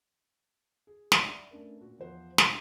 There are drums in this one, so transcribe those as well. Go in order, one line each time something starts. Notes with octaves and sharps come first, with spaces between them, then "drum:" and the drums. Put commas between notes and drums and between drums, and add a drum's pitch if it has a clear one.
G#4
D5 E5 F#5 B5 C#6 D6, drum: snare
A3 C#4 D4 A#4 B4
A#2 F#4
E2 F3 C5 F#5
C3, drum: snare